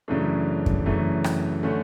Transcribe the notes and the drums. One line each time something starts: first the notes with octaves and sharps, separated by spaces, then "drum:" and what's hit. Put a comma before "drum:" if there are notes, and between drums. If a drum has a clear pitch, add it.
F#2 C#3 E3 A3 D4
drum: kick F#2
F#2 C#3 E3 A3
drum: rim click
D3 A3 C#4